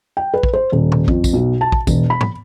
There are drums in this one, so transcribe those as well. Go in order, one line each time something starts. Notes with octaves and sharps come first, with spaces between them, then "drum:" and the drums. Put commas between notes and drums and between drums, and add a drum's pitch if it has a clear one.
G5
B4
drum: kick
C5
D#1
drum: tom B2
F2, drum: kick
drum: kick, tambourine
B1
A5
drum: kick
E1, drum: kick, tambourine
B5
drum: tom G#2